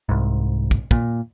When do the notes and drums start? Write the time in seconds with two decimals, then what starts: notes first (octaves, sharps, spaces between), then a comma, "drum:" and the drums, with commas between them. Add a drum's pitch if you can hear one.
0.09 C2 G#2
0.71 drum: kick
0.91 A#2, drum: kick